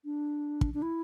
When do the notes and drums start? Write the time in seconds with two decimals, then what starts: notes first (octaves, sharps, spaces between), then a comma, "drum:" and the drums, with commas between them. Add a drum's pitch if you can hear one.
0.05 D4
0.61 drum: kick
0.74 D4
0.82 E4